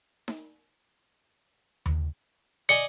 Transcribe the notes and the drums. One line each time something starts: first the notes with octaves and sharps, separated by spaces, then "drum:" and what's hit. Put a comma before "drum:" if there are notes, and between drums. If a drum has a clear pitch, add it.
drum: snare D#4
drum: tom D#2
D5 D#5 G#5 C#7